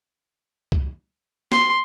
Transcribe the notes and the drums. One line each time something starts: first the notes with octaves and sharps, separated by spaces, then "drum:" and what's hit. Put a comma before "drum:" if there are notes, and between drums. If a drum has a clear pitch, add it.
drum: kick C#2
C6, drum: snare